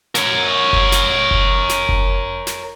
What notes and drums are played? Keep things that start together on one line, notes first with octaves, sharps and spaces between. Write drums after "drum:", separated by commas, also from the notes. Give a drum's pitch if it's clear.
A#4 C#5, drum: snare
drum: kick F#1
drum: snare
drum: kick F#1
drum: snare
drum: kick F#1
drum: snare